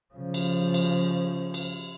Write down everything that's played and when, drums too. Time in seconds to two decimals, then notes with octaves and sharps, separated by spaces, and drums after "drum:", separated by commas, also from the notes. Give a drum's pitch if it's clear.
0.14 C#3 F3
0.34 drum: cymbal
0.74 drum: cymbal
1.54 drum: cymbal